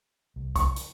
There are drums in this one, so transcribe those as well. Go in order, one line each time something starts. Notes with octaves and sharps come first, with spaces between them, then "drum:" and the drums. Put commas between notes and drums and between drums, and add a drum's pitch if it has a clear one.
C2
C#6, drum: kick B1, hi-hat
drum: hi-hat